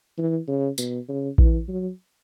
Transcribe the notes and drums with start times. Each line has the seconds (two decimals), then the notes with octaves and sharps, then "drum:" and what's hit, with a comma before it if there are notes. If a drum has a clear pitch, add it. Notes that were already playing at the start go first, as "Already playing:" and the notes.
0.18 E3
0.48 C#3
0.78 B2, drum: tambourine
1.09 C#3
1.38 E3, drum: kick A#1
1.69 F#3